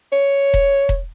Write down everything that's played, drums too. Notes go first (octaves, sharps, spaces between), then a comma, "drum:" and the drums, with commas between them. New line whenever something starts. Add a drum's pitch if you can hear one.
C#5
drum: kick E1
drum: kick E1